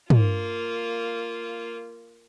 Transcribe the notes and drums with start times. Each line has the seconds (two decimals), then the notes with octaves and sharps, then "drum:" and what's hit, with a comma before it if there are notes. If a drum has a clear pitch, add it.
0.10 A#3 F4, drum: tom